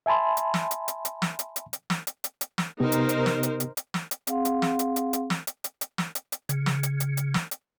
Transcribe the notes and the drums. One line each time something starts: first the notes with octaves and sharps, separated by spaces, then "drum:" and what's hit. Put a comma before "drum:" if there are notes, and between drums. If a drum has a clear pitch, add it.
E5 G#5 A5 B5 C6
drum: hi-hat
drum: snare
drum: hi-hat
drum: hi-hat
drum: hi-hat
drum: snare
drum: hi-hat
drum: hi-hat
drum: hi-hat
drum: snare
drum: hi-hat
drum: hi-hat
drum: hi-hat
drum: snare
C3 B3 D#4 G4 A#4 C5
drum: hi-hat
drum: hi-hat
drum: snare
drum: hi-hat
drum: hi-hat
drum: hi-hat
drum: snare
drum: hi-hat
C4 G#4 F5 F#5 C6, drum: hi-hat
drum: hi-hat
drum: snare
drum: hi-hat
drum: hi-hat
drum: hi-hat
drum: snare
drum: hi-hat
drum: hi-hat
drum: hi-hat
drum: snare
drum: hi-hat
drum: hi-hat
C#3, drum: hi-hat
drum: snare
drum: hi-hat
drum: hi-hat
drum: hi-hat
drum: snare
drum: hi-hat